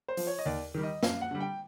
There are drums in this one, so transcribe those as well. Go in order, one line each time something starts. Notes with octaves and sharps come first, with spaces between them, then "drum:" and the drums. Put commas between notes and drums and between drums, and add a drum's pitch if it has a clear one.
C5
F3, drum: open hi-hat
C#5
D#5
D#2 D5
D#3 G3
D#5
F#2 F5, drum: snare
F#5
D3 G3
G5